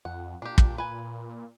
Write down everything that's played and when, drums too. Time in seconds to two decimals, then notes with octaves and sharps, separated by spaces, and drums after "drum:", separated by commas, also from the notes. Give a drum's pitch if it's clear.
0.05 F2 F#5
0.42 A#2 D4 G4
0.58 drum: kick
0.78 B4 G#5